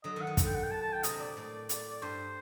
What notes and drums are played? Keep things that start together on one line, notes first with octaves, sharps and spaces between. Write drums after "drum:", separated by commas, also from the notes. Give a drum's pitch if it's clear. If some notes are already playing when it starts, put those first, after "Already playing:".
D3 F#3 D#5
D#3 F#5
D#3
D3, drum: kick, hi-hat
G5
F#5
G5
A5
A5
G5
C3 D#5, drum: hi-hat
A#2 D5
A2
drum: hi-hat
G2 C5